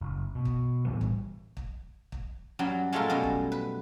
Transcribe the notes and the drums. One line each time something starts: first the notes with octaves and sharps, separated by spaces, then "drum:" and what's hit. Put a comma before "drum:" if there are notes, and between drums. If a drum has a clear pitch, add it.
F#1
B2
drum: kick
A2 E3 G3 B3
drum: kick
drum: kick
drum: kick
F#2 F#3 G3
G#3 A3 F4 A4 A#4
F#2 B2 G3
drum: kick
B4